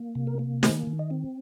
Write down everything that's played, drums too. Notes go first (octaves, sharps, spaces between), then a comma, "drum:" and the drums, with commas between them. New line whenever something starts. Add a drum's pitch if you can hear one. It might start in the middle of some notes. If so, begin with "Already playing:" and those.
Already playing: A#3
C3
A#4
A#3
D#3 C5, drum: snare
D#3
D#5
C4